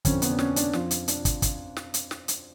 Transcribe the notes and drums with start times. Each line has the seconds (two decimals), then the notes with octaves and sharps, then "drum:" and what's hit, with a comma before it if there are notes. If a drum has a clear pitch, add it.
0.05 F2 D3 F3 C#4, drum: kick, hi-hat
0.22 B3, drum: hi-hat
0.31 D4
0.39 C#4, drum: snare
0.56 D4, drum: hi-hat
0.73 F2 F3 F4, drum: snare
0.91 drum: hi-hat
1.08 D4, drum: hi-hat
1.25 drum: kick, hi-hat
1.42 drum: kick, hi-hat
1.77 drum: snare
1.94 drum: hi-hat
2.11 drum: snare
2.28 drum: hi-hat